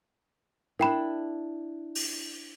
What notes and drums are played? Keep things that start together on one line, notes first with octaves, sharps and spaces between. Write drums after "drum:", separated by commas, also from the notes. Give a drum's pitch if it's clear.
D4 E4 A#4 G5 B5
drum: open hi-hat